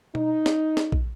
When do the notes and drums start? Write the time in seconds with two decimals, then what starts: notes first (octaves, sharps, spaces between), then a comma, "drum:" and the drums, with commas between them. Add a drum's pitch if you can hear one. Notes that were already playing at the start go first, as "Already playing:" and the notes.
0.15 D#4, drum: tom B2
0.46 drum: snare
0.77 drum: snare
0.92 drum: kick